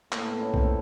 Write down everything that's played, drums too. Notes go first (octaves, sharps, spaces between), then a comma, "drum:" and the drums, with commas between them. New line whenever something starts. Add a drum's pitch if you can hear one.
A2 A#3, drum: clap
B3
C#4
C4, drum: kick B1